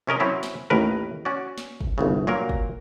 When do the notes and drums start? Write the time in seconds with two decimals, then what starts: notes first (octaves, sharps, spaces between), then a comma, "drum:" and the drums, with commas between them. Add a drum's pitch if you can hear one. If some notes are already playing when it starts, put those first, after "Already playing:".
0.07 C3 C#4 A#4 D#5
0.20 F#3 C4 C#4 E4
0.43 drum: snare
0.70 A1 D#2 A2 A#4 B4
1.25 C#4 F#4 D5
1.58 drum: snare
1.81 drum: kick
1.98 G1 C2 C#3
2.27 A#2 F#3 A#3 A#4
2.49 drum: kick